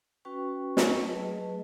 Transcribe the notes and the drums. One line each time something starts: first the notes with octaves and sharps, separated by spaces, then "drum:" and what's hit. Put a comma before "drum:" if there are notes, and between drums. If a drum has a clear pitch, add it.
C#4 F#4 B4 G5 C#6
drum: snare
F#3 A3 G#4 B4 D#5 A5